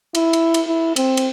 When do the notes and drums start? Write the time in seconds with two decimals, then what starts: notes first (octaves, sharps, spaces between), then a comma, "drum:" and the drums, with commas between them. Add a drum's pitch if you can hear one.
0.15 E4, drum: cymbal
0.33 drum: cymbal
0.54 drum: cymbal
0.67 E4
0.96 C4, drum: cymbal
1.17 drum: cymbal